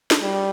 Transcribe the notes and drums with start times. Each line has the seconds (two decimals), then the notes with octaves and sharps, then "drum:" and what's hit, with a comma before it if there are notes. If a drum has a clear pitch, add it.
0.11 drum: snare
0.22 G3